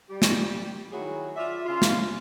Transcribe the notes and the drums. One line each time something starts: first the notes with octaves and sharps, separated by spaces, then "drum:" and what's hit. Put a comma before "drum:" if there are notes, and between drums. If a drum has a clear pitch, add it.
G3 G4
drum: snare
D#3 F#3 E4 F#4 G#4
F4 D5 E5
C#3 E4 F4
drum: snare